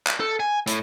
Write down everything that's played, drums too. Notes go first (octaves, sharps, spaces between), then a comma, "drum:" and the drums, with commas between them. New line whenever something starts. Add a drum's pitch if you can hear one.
drum: clap
A4
G#5
A2, drum: hi-hat